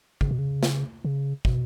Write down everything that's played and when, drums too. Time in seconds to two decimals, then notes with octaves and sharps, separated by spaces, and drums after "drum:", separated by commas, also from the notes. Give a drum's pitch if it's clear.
0.21 C#3, drum: kick
0.31 B2
0.38 C#3
0.63 drum: snare
1.05 C#3
1.45 B2, drum: kick